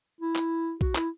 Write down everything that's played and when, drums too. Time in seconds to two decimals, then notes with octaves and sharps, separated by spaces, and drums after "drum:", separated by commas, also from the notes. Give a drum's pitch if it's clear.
0.21 E4
0.36 drum: clap
0.81 F#4, drum: kick B1
0.95 E4, drum: clap